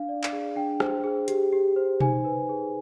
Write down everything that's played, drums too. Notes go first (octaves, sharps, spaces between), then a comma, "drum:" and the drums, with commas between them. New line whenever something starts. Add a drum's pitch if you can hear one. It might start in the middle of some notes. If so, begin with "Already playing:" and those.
Already playing: D4 F5
D5
drum: clap
G#4
D4 G5
C5, drum: rim click
G#4
G4, drum: hi-hat
G4
C5
D#4 G#5, drum: tom B2
B4
G#4